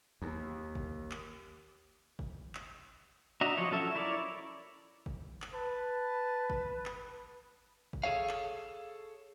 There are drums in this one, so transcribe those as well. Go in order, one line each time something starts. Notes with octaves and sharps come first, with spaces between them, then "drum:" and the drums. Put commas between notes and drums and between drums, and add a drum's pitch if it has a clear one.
D#2
drum: kick G1
drum: clap
drum: kick G1
drum: clap
D4 F#4 D#5 E5 A#5
F3 F#3 C#5 D#5
F#3 C#4 A4 E5
E4 A#4 C#5 D5
drum: kick G1
drum: clap
B4 A5
drum: kick G1
drum: clap
drum: kick G1
G#4 A4 C#5 F5
drum: clap